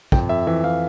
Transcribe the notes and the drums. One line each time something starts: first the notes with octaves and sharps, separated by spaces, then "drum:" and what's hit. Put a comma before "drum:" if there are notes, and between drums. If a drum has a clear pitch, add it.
F2 G5, drum: kick
F2 E5
E3 E5
E3 F5